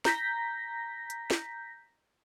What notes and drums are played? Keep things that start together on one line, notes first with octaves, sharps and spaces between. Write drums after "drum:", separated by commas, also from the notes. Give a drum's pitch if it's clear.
A#5 G6 A#6 B6, drum: snare
drum: hi-hat
drum: snare